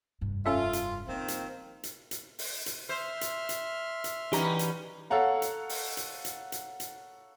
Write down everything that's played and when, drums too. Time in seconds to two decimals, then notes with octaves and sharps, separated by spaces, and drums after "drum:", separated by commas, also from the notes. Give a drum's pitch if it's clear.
0.21 F1 G2
0.46 C#4 F4 A4 E5
0.73 drum: hi-hat
1.08 D#3 F3 A#3 C4
1.28 drum: hi-hat
1.83 drum: hi-hat
2.11 drum: hi-hat
2.39 drum: open hi-hat
2.66 drum: hi-hat
2.89 C5 E5 C6 F6
3.21 drum: hi-hat
3.49 drum: hi-hat
4.04 drum: hi-hat
4.33 E3 G3 C#4 D#4 G4 B4 F#5 A#5, drum: hi-hat
4.59 drum: hi-hat
5.10 A4 C#5 F5 F#5 A#5
5.42 drum: hi-hat
5.69 drum: open hi-hat
5.97 drum: hi-hat
6.25 drum: hi-hat
6.52 drum: hi-hat
6.80 drum: hi-hat